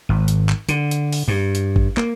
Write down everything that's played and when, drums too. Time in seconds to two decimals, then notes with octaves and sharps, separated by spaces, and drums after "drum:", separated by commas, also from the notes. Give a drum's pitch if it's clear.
0.09 G#1
0.28 drum: hi-hat
0.49 drum: clap
0.69 D3, drum: hi-hat
0.91 drum: hi-hat
1.13 drum: open hi-hat
1.28 G2
1.55 drum: hi-hat
1.76 drum: kick G#1
1.97 A#3, drum: clap